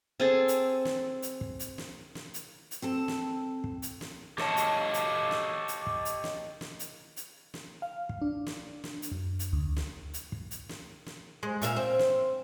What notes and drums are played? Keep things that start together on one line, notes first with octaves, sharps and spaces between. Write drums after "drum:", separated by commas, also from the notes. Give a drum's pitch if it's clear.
C4 G#4 A4
drum: hi-hat
drum: snare
drum: hi-hat
drum: kick
drum: hi-hat
drum: snare
drum: snare
drum: hi-hat
drum: hi-hat
C4 A4 A5
drum: snare
drum: kick
drum: hi-hat
drum: snare
G4 A4 C#5 D#5 A5, drum: snare
drum: hi-hat
drum: hi-hat
drum: snare
drum: hi-hat
drum: kick
drum: hi-hat
drum: snare
drum: snare
drum: hi-hat
drum: hi-hat
drum: snare
F5
drum: kick
D4
drum: snare
drum: snare
drum: hi-hat
F#2
drum: hi-hat
D2
drum: snare
drum: hi-hat
drum: kick
drum: hi-hat
drum: snare
drum: snare
G#3
A#2 E5 F5, drum: hi-hat
C4
drum: snare